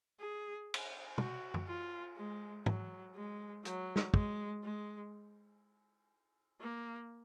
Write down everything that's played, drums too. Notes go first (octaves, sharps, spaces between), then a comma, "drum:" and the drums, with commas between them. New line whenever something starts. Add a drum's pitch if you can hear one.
G#4
drum: cymbal
F#4, drum: tom
drum: tom F#2
F4
G#3
F#3, drum: tom
G#3
F#3, drum: hi-hat
drum: snare
G#3, drum: kick
G#3
A#3